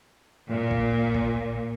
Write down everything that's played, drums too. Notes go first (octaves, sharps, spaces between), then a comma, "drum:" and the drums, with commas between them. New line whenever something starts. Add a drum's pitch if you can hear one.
A#2
drum: kick
drum: kick